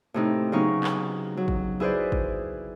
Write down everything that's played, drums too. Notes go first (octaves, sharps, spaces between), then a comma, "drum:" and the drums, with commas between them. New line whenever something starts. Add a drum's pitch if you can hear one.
A2 C3 D#4
C#3 F#3 B3 D#4 C#6 F6
drum: clap
F#3
drum: kick
E4 G#4 B4 C5 D5
drum: kick